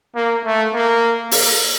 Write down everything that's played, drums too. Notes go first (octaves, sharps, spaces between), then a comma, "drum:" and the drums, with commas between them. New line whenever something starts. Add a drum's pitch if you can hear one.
A#3
A3
A#3
A#3, drum: open hi-hat